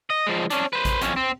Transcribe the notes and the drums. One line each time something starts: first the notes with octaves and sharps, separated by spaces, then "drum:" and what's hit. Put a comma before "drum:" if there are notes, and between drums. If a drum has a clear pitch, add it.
D#5
F3 G#3
C#4 D4, drum: hi-hat
B4 C5
drum: kick A1, hi-hat
F2 C#4, drum: hi-hat
C4